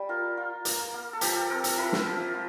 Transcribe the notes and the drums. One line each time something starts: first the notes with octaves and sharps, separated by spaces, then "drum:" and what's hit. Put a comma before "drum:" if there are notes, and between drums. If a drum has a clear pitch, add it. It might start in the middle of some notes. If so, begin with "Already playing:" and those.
Already playing: G3
F4 A#4
F4
A#3, drum: hi-hat
A#3
A4
F3 G4, drum: hi-hat
A4
C4 A#4
A4, drum: hi-hat
E4 A#4
drum: snare
F3
F4